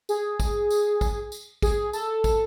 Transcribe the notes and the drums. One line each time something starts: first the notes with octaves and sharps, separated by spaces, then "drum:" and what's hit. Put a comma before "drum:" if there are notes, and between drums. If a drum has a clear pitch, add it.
G#4, drum: tambourine
drum: kick, tambourine
drum: tambourine
drum: kick, tambourine
drum: tambourine
G#4, drum: kick, tambourine
A4, drum: tambourine
drum: kick, tambourine